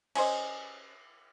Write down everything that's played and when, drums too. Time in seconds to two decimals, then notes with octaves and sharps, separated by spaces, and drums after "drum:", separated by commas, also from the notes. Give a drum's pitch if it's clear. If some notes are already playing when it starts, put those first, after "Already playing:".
0.15 C#4 G#4 C5 D#5, drum: cymbal